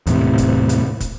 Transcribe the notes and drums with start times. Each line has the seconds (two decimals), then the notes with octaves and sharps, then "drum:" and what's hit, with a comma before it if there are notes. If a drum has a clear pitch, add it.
0.07 E2 A2 C3, drum: hi-hat
0.38 drum: kick, hi-hat
0.69 drum: hi-hat
1.00 drum: kick, hi-hat